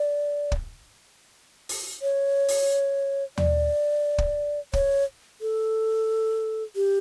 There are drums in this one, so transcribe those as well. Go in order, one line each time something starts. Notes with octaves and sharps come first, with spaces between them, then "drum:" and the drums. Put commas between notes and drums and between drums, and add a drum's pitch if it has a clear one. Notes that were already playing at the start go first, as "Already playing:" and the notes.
Already playing: D5
drum: kick
drum: open hi-hat
C#5
drum: open hi-hat
D5, drum: tom D#2
drum: kick
C#5, drum: kick
A4
G4